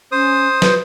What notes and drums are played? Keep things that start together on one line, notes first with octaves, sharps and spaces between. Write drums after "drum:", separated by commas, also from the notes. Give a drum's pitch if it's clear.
C#4 C5 D#6
B4, drum: snare